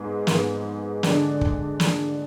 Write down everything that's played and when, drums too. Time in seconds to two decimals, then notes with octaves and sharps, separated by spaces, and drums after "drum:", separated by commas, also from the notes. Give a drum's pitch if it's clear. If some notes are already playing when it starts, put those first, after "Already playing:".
Already playing: G#2 G#3 B3
0.27 G#2 G#3 B3, drum: snare
1.03 D3 G#3 D4, drum: snare
1.41 drum: kick
1.80 drum: snare